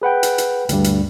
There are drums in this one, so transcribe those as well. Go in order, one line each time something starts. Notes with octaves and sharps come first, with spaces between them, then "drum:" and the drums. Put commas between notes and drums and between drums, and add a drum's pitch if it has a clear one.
G#4 B4 F#5 G5
drum: hi-hat
drum: hi-hat
D2 G2, drum: hi-hat
drum: hi-hat